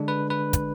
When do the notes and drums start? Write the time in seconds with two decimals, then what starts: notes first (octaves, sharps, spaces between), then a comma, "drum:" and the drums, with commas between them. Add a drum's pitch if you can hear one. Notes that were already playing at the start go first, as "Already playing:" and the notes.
Already playing: D3 G#3 D4
0.08 B4
0.30 B4
0.53 drum: kick, hi-hat